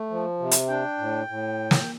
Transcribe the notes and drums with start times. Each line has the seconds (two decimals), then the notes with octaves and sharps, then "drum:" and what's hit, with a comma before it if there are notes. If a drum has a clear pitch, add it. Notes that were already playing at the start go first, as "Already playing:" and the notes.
Already playing: A3
0.10 F3
0.40 C3
0.51 drum: hi-hat
0.68 D4 G5
0.98 A2
1.27 A2
1.71 drum: snare